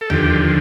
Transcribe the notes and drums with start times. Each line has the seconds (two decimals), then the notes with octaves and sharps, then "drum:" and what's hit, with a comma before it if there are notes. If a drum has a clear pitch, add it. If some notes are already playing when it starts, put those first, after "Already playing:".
0.01 A4
0.10 D#2 D3 F3 G4, drum: tom E2